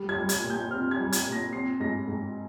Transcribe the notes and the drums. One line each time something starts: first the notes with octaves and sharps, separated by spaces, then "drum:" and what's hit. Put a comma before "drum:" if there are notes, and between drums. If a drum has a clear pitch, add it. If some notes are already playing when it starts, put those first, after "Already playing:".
Already playing: G3
G#6
G3
G#6, drum: hi-hat
A#2
G6
C4 F6
G#6
G3
G#6, drum: hi-hat
A#2
A#6
C4 C7
G#2 A#6
G#2